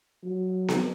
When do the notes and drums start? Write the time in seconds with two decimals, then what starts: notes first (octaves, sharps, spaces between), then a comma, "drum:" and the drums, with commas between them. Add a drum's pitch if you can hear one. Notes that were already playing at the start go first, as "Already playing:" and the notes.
0.24 F#3
0.68 drum: snare B3